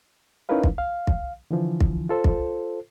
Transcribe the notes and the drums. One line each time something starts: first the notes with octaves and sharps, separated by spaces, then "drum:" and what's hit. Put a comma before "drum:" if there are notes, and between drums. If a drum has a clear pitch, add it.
C#4 D#4 E4 A#4 B4 F5
drum: kick
F5
drum: kick
D3 E3 F3
drum: kick
F4 A4 C5
drum: kick